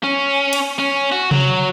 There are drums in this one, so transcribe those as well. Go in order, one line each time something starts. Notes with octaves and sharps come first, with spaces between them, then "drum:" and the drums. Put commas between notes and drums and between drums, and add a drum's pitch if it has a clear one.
C#4
drum: cymbal
C#4
F#4
F#3, drum: tom C3